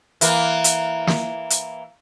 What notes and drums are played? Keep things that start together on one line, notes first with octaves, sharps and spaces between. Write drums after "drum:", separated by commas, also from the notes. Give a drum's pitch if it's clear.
E3 A#3, drum: hi-hat
drum: hi-hat
drum: snare
drum: hi-hat